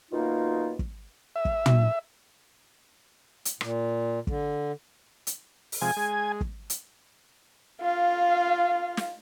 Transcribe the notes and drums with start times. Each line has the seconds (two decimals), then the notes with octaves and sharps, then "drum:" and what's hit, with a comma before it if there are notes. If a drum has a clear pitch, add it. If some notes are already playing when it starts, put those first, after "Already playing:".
0.12 F#2 B2 A#3 D#4 F4
0.79 drum: kick
1.36 E5
1.45 drum: kick
1.66 drum: tom
3.45 drum: hi-hat
3.61 A#2, drum: rim click
4.27 D3, drum: kick
5.27 drum: hi-hat
5.72 drum: open hi-hat
5.81 C3 F3 G#3 G#5
5.97 G#3
6.41 drum: kick
6.70 drum: hi-hat
7.81 F4 F5
8.97 drum: snare